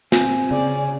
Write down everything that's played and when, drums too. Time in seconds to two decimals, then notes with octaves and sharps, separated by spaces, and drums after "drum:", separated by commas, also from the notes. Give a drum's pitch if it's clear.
0.12 C4 G#5, drum: snare
0.51 C#3 D5